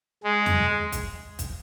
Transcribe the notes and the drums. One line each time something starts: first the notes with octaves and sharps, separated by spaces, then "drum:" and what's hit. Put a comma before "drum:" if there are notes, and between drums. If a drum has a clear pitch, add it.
G#3
drum: tom E2
drum: kick, hi-hat
drum: kick, hi-hat